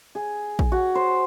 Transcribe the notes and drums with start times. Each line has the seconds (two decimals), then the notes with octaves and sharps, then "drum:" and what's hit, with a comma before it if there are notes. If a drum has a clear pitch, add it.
0.15 G#4
0.59 drum: kick A#1
0.72 F#4
0.95 C5